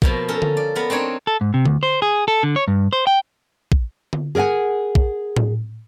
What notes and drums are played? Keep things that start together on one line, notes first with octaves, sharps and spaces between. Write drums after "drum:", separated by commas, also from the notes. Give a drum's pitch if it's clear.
B2 F3 A#3, drum: kick
C#4 A4 A#4
drum: tom D3
D5
B3 A#4
C4 D4 D#4 C#5
A4
G#2
C3
D2, drum: tom D3
C5
G#4
A4
D3
C#5
G2
C5
G5
drum: kick
drum: tom D3
G#4 A#4 D5 F#5 G#5
drum: kick
drum: tom A2